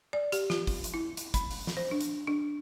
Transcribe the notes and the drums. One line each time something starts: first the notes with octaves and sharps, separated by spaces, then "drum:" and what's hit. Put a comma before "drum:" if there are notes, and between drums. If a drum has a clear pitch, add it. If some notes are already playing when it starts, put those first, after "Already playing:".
D5
G4, drum: hi-hat
F4, drum: snare
drum: kick, open hi-hat
drum: hi-hat
E4
drum: hi-hat
B5, drum: kick, hi-hat
drum: open hi-hat
drum: snare
C5
D4
drum: hi-hat
D4